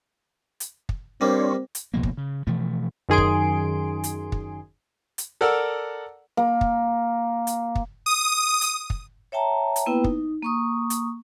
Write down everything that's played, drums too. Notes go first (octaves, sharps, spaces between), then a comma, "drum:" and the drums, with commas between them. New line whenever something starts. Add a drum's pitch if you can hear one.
drum: hi-hat
drum: kick
G3 A#3 C4 D4 C5 C#5
drum: hi-hat
C#2 B2 F3 A#3
drum: kick
C#3
B2 E3 F3 A3
F#2 D#3 G#4 C6 D7
drum: kick
drum: hi-hat
drum: kick
drum: hi-hat
A4 A#4 D5 F#5 E6 F6
A#3
drum: kick
drum: hi-hat
drum: kick
D#6
drum: hi-hat
drum: kick
C#5 E5 G5 A5 A#5
drum: hi-hat
A#3 B3 E4 B4 G5
D#4, drum: kick
A#3 C#6 D#6
drum: hi-hat